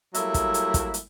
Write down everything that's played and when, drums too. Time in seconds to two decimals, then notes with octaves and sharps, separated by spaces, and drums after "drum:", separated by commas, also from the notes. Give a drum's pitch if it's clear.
0.14 F#3 G3 A3 A#3 E4 E5, drum: hi-hat
0.34 drum: kick, hi-hat
0.54 drum: hi-hat
0.74 drum: kick, hi-hat
0.94 drum: hi-hat